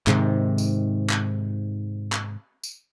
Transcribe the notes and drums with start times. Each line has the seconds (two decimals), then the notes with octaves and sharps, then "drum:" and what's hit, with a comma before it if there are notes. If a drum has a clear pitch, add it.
0.07 G#2 C3 D#3, drum: clap
0.58 drum: tambourine
1.10 drum: clap
2.12 drum: clap
2.63 drum: tambourine